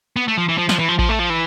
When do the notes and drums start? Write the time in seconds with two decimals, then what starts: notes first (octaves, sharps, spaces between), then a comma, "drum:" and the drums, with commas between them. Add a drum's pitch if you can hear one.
0.16 B3
0.28 A3
0.38 F3
0.48 E3
0.58 F3
0.69 F3, drum: snare
0.79 E3
0.89 F3
0.99 F3, drum: kick A1
1.09 A3
1.19 F3
1.30 E3